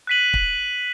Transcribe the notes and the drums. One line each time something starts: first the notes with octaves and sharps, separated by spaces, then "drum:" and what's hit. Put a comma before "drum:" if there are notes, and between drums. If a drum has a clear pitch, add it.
F#6 B6 D#7 F#7
drum: kick